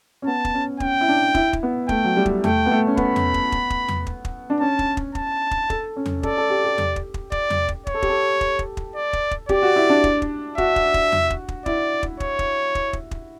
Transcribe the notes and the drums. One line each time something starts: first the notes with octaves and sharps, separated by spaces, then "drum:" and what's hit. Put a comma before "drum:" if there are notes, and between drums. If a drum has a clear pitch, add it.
C#4
B3 A5
drum: kick
C#4
C#4 G5, drum: kick
E4
D4
E4, drum: kick
drum: kick
B3
A3 G5, drum: kick
F#3
G3
drum: kick
A3 G5, drum: tom E2
B3
A3
C#4
B3 B5, drum: kick
drum: tom E2
drum: kick
drum: kick
drum: kick
drum: tom E2
drum: kick
drum: kick
D4
C#4 A5
drum: kick
drum: kick
A5, drum: kick
drum: kick
A4, drum: kick
C#4
drum: tom E2
A4 D5, drum: kick
A4
G4
G4
drum: tom E2
drum: kick
drum: kick
D5, drum: kick
drum: tom E2
drum: kick
C#5, drum: kick
A4
G4, drum: kick
A4
drum: kick
drum: kick
drum: kick
D5
drum: kick
drum: kick
G4 D5, drum: kick
F#4
E4
D4
drum: kick
drum: kick
F#4 E5, drum: kick
drum: kick
drum: kick
drum: tom E2
drum: kick
drum: kick
E4 D5, drum: kick
drum: kick
C#5, drum: kick
drum: kick
drum: kick
drum: kick
drum: kick